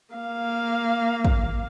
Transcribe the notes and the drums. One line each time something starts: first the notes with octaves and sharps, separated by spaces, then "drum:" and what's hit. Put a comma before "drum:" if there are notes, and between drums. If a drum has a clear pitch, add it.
A#3 F5
drum: kick